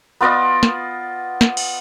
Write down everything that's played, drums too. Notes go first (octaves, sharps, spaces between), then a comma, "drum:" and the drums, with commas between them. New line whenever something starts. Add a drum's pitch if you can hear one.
B3 F4 D5 D#5
drum: snare
drum: snare
drum: cymbal